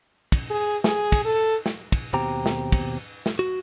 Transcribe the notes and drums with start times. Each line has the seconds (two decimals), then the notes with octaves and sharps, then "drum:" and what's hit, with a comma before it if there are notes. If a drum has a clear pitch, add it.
0.32 drum: kick, cymbal
0.51 G#4
0.84 G#4, drum: snare
1.12 drum: kick, cymbal
1.25 A4
1.66 drum: snare
1.92 drum: kick, cymbal
2.13 D#2 B2 C4 G4 A#5
2.46 drum: snare
2.72 drum: kick, cymbal
3.26 drum: snare
3.39 F#4